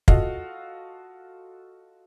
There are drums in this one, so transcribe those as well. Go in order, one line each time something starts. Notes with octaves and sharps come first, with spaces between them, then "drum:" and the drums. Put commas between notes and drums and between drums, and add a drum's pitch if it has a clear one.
F4 F#4 A4 D#5 F5, drum: kick